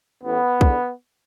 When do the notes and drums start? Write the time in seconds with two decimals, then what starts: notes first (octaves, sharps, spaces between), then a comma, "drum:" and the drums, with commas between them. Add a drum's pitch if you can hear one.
0.24 A1 A2 E3 B3
0.61 E2 D3, drum: kick